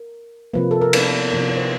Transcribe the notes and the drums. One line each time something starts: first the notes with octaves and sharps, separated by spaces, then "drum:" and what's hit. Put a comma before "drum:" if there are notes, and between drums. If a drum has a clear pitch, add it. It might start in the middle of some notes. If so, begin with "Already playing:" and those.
Already playing: A#4
C3 F3 A#3 B4
A4
A#4
B4, drum: cymbal
C3 F3 A#3 A#4
C#5
C5